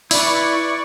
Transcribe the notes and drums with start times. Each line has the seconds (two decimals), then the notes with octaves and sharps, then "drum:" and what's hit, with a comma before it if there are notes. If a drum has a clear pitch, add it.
0.11 E4 B4 D5 C#6, drum: open hi-hat